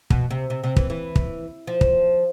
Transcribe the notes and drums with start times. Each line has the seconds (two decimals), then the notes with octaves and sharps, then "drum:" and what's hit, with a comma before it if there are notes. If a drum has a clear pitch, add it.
0.10 B2, drum: kick
0.30 C3
0.50 C3
0.64 C3
0.76 E3, drum: kick
0.90 E3
1.16 drum: kick
1.67 F3
1.81 drum: kick